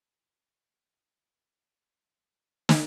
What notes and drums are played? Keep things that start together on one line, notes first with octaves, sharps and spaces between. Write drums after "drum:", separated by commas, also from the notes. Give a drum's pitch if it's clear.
F1 B1 G#2 E3 C#5 G6
drum: snare